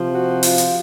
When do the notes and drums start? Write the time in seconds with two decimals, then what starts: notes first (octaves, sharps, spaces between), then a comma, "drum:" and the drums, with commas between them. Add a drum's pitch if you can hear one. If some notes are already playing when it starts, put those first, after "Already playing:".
Already playing: C3 F3
0.12 F#4
0.43 F4, drum: open hi-hat
0.58 drum: hi-hat